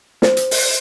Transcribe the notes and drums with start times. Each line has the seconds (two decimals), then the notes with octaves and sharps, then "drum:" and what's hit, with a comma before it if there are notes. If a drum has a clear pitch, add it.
0.22 C5, drum: snare
0.37 drum: hi-hat
0.51 drum: open hi-hat